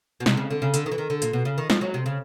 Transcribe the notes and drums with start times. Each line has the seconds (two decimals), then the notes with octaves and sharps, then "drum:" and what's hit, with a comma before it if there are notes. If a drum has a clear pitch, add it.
0.20 B2
0.26 C3, drum: snare
0.37 C#3
0.51 D3
0.62 C#3
0.74 D3, drum: hi-hat
0.86 D#3
0.92 E3
0.98 D#3
1.10 D3
1.22 A#2, drum: hi-hat
1.33 B2
1.45 C#3
1.58 D#3
1.70 F3, drum: snare
1.81 F#3
1.94 C3
2.06 C#3